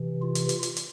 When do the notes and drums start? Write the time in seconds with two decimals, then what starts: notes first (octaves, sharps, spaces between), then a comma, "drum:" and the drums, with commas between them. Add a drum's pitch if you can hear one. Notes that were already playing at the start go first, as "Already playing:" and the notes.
Already playing: C3 E3
0.22 F4
0.35 drum: hi-hat
0.49 drum: hi-hat
0.63 drum: hi-hat
0.76 drum: hi-hat